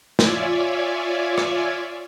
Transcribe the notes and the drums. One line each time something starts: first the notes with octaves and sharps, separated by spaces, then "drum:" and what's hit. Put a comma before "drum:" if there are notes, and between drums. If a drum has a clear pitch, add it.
F4 C#5 D5 E5 G#5, drum: snare
drum: rim click